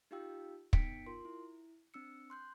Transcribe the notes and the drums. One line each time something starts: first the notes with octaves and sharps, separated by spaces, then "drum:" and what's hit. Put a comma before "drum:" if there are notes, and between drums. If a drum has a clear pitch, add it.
D#4 F4 G4 F5 G5 E6
B3 D#4 G5 B6 C#7 D7, drum: kick
F4 A#4 C6
E4
C4 D4 E6 C#7
C6 F#6 G6